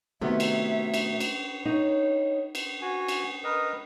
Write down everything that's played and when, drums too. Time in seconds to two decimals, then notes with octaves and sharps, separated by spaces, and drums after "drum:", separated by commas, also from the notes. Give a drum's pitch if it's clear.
0.21 C3 D#3 F#3 A3 B3 E5
0.40 drum: cymbal
0.94 drum: cymbal
1.20 drum: cymbal
1.65 D#4 C#5
2.55 drum: cymbal
2.82 F#4 G#5
3.08 drum: cymbal
3.44 A#4 B4 D#5 D#6